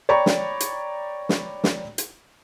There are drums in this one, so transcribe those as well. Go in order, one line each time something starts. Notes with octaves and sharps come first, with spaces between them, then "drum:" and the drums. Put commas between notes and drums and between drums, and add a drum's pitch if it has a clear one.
C#5 D5 G5 A#5 B5 C#6
drum: snare
drum: hi-hat
drum: snare
drum: snare
drum: hi-hat